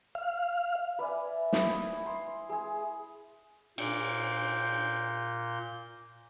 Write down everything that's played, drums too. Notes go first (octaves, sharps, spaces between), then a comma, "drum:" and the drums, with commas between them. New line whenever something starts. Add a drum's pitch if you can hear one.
F5
B4 D5 E5 G#5
E4 D#5, drum: snare
C6
G#3 G#4
A#2 G6, drum: cymbal